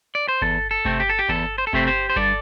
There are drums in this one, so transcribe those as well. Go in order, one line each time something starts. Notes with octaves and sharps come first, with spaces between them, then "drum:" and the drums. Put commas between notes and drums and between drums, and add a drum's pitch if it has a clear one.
D5
C5
E2 A4, drum: kick G1
A4
C3 A3 C4, drum: kick G1
G4
A4
G4
E2 A4, drum: kick G1
C5
A4
C3 A3 C4 G4 C5, drum: kick G1
G4 C5
C5
G2 A4 D5, drum: kick G1